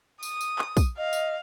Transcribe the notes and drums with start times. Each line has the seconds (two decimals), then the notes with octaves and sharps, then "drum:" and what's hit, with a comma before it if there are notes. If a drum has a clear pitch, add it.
0.23 D#6, drum: tambourine
0.41 drum: tambourine
0.59 drum: clap
0.77 drum: kick, tambourine
0.98 D#5 F5
1.13 drum: tambourine